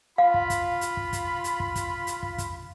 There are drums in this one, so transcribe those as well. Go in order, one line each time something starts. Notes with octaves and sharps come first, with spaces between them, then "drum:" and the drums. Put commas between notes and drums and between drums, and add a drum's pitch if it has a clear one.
F4 F5 B5
drum: kick
drum: kick, hi-hat
drum: hi-hat
drum: kick
drum: kick, hi-hat
drum: hi-hat
drum: kick
drum: kick, hi-hat
drum: hi-hat
drum: kick
drum: kick, hi-hat